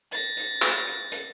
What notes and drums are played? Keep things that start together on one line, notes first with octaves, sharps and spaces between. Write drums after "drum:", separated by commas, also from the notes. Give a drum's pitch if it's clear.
A6 A#6, drum: hi-hat
drum: hi-hat
drum: clap
drum: hi-hat
drum: hi-hat